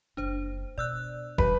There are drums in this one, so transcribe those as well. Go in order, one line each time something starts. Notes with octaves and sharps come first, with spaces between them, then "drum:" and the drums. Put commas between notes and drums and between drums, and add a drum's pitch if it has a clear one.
F#1 D4 C5
B2 D5 E6 F#6
F#3 B4, drum: kick